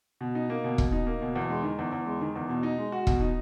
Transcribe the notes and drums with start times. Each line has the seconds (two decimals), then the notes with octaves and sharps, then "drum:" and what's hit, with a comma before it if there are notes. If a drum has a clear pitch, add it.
0.21 B2
0.35 D#4
0.50 A#3
0.64 B2
0.78 B2, drum: kick E1
0.92 D#4
1.06 A#3
1.21 B2
1.36 E2
1.50 G#3
1.63 D#3
1.79 E2
1.92 E2
2.06 G#3
2.21 D#3
2.36 E2
2.49 B2
2.63 D#4
2.78 G#3
2.92 F#4
3.07 B2, drum: kick E1
3.21 D#4